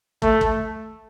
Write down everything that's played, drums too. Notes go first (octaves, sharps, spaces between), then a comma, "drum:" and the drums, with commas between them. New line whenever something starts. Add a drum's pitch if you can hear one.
A3, drum: kick
drum: kick